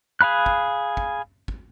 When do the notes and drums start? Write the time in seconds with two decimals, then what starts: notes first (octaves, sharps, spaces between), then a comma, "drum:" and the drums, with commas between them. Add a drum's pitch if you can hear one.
0.21 G#4 F5 B5 F#6
0.46 drum: kick
0.97 drum: kick
1.48 drum: kick